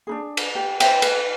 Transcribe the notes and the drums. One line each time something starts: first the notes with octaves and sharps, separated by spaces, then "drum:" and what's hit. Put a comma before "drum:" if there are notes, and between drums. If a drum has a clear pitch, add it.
D4 D#4 G#4
drum: cymbal
G4
B4 C5 E5 G5, drum: cymbal
B4, drum: cymbal